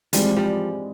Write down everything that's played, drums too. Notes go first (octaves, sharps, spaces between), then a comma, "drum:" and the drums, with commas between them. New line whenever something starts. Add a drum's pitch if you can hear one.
E3 F3 G3 G#3 C4, drum: hi-hat
F3 G3